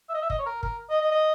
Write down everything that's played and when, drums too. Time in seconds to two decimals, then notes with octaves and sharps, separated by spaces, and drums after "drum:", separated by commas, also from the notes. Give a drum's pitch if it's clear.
0.09 E5
0.14 D#5
0.22 E5
0.30 D#5, drum: kick
0.39 C#5
0.46 A#4
0.63 A#4, drum: kick
0.90 D#5
1.01 D#5
1.12 D#5